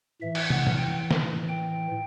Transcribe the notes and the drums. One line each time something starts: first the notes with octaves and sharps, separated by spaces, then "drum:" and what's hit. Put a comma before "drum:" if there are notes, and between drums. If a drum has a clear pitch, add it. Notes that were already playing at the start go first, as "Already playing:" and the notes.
A2 E3 E5
drum: cymbal
F#5, drum: tom
drum: tom A2
G5
drum: snare
G5